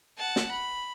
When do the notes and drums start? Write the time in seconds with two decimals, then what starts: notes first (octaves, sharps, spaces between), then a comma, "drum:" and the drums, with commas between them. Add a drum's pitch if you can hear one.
0.18 F#5 A5
0.36 drum: snare
0.52 B5